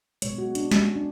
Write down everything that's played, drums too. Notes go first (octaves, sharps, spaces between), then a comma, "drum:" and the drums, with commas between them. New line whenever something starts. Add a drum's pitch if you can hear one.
B2 G#3 C#5, drum: hi-hat
F#4
D4, drum: hi-hat
C#4, drum: snare
D4